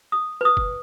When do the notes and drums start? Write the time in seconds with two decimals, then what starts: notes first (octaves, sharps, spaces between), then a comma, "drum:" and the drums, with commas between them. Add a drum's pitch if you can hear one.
0.12 D#6
0.41 B4 D#6
0.57 drum: kick